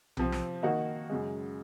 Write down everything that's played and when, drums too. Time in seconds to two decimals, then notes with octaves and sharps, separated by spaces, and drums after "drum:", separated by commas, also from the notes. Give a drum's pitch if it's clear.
0.17 C3 F3 C4, drum: tom B1
0.32 drum: snare
0.63 D#3 A#3 D#4 F#4
1.10 F#2 C#3 G#3